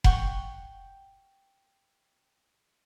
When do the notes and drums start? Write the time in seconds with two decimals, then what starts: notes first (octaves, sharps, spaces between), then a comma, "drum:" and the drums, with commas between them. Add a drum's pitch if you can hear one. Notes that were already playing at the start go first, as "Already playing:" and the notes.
0.04 F#5 G5 C#6, drum: kick F1